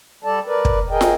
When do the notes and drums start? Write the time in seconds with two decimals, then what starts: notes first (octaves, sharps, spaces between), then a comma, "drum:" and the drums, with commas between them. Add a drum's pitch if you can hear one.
0.24 G3 A4 D5 A5
0.47 A#4 B4 D5
0.65 drum: kick
0.90 G#4 A#4 D#5 G5
1.01 drum: snare